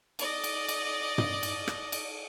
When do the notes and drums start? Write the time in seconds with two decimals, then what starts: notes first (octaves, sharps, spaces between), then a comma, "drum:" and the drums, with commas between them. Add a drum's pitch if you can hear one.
0.19 D5 D#5, drum: cymbal
0.44 drum: cymbal
0.68 drum: cymbal
1.18 drum: tom
1.43 drum: cymbal
1.68 drum: rim click
1.92 drum: cymbal